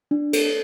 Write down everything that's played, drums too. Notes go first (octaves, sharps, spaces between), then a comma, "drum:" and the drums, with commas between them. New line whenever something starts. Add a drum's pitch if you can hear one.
D4
A4, drum: cymbal